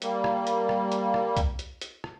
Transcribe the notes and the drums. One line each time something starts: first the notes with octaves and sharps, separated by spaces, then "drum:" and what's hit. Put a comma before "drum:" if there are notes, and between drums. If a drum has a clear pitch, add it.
G3 A#3, drum: hi-hat
drum: rim click
drum: hi-hat
drum: rim click
drum: hi-hat
drum: rim click
drum: kick, hi-hat
drum: hi-hat
drum: hi-hat
drum: rim click